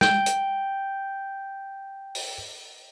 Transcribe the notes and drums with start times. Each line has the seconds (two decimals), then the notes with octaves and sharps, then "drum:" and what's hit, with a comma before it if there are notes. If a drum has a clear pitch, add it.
0.01 G5 G6, drum: snare
0.26 drum: hi-hat
2.15 drum: open hi-hat